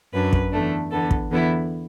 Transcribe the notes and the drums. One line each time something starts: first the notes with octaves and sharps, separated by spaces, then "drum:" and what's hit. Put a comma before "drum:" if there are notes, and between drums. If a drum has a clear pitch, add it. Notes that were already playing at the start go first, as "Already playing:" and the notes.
F#2 F#3 D4 B4
drum: kick
E2 D3 A3 D4
E2 D3 B3 A4
drum: kick
E2 D3 B3 E4